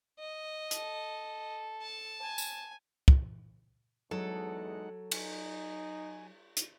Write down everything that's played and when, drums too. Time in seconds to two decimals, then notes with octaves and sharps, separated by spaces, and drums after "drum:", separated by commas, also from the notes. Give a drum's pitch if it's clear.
0.20 D#5
0.71 A4, drum: hi-hat
1.82 A5
2.22 G#5
2.38 drum: tambourine
3.08 drum: kick
4.11 E2 F#3 G#3 D#4 A4 F#5
5.12 D#4 G#5, drum: cymbal
6.57 drum: hi-hat